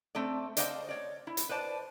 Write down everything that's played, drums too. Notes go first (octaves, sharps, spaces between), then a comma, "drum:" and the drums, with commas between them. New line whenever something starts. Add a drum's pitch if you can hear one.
A3 C4 A4 D5
C5 D5 D#5 F5 G5 A5, drum: hi-hat
C#5 D5
E4
drum: hi-hat
B4 C5 D5 A5